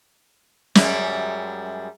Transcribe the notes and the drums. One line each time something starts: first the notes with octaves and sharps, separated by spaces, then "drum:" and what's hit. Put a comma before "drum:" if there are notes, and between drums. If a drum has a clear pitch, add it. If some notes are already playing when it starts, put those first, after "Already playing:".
F#2 G3 G#3, drum: snare